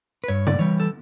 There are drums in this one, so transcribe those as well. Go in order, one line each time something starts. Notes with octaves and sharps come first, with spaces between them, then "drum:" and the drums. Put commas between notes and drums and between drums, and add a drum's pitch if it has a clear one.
B4
G2 C#5
D5, drum: tom C#3
E3 G3 C#5
A4